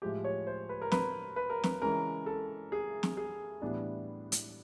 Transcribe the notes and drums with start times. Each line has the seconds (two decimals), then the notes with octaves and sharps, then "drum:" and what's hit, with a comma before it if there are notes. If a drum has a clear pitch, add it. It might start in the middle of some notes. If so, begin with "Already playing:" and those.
0.02 A2 F3 G#3 G4
0.24 C#5
0.47 C5
0.69 B4
0.82 A#4
0.92 B4, drum: snare
1.36 B4
1.50 A#4
1.64 B4, drum: snare
1.82 C#3 E3 G#3 C#4 A#4
2.26 A4
2.72 G#4
3.03 drum: snare
3.17 G#4
3.62 A2 E3 G3 B3 D4
4.32 drum: hi-hat